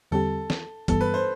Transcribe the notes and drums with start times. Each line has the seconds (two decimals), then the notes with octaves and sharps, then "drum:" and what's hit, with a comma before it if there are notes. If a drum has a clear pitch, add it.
0.11 E2 D3 G3 C4 G4 A4
0.50 drum: snare
0.88 G2 E3 G3 B3 A4, drum: kick, hi-hat
1.01 B4
1.14 C5